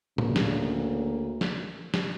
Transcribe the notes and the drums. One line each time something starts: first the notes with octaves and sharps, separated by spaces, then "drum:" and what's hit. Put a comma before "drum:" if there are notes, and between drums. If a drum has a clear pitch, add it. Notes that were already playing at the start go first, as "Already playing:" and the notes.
D2 C#3 A#3, drum: tom A2
drum: snare
drum: snare
drum: snare